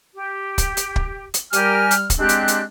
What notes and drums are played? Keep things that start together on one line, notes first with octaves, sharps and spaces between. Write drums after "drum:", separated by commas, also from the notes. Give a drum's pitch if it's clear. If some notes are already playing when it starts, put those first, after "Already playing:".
G4
drum: kick, hi-hat
drum: hi-hat
drum: kick
drum: hi-hat
G3 G4 A#4 G#5 F6, drum: hi-hat
drum: hi-hat
drum: kick, hi-hat
G#3 C4 D4 G4 F#6
drum: hi-hat
drum: hi-hat